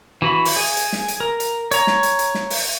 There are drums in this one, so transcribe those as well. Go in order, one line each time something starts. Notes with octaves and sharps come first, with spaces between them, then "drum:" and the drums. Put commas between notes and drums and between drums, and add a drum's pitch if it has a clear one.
E3 F#4 B5
drum: open hi-hat
G#4
drum: hi-hat
drum: snare
drum: hi-hat
A#4
drum: hi-hat
C#5 A#5, drum: hi-hat
drum: snare
drum: hi-hat
drum: hi-hat
drum: snare
drum: open hi-hat